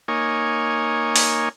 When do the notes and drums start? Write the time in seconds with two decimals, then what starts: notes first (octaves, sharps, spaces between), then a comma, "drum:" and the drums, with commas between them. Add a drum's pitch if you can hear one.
0.08 A#3 D#4 C#5 G#5
1.16 drum: open hi-hat